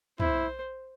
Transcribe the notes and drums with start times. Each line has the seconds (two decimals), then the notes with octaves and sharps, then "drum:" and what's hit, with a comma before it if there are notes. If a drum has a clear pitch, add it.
0.20 E4 C5, drum: tom